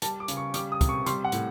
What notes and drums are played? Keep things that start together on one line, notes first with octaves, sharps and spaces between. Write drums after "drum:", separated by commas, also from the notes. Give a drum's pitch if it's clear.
G3 A5, drum: hi-hat
D6
C#3, drum: hi-hat
C#6
G3 D6, drum: hi-hat
D#6
C3, drum: kick, hi-hat
C#6
G3 C6, drum: hi-hat
F#5
A2, drum: hi-hat